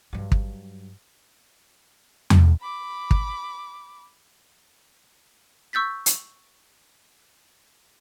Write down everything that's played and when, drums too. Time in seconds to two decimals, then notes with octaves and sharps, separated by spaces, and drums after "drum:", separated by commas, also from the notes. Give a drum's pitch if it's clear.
0.13 G2 F#3
0.32 drum: kick
2.30 drum: tom E2
2.61 B5 D6
3.11 drum: kick
5.73 C#6 E6 G6 A6 B6
6.06 drum: hi-hat